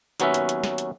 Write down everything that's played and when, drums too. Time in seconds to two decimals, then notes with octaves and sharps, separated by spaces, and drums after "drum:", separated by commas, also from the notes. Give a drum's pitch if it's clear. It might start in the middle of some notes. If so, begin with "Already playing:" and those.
0.20 D#2 F#3 B3 C#4 B4 E5, drum: hi-hat
0.34 drum: hi-hat
0.49 drum: hi-hat
0.64 drum: snare
0.78 drum: hi-hat